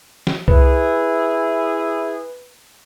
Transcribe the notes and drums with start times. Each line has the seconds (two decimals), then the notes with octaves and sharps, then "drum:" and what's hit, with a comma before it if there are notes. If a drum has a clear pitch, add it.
0.27 drum: snare
0.48 E4 G#4 B4, drum: kick C2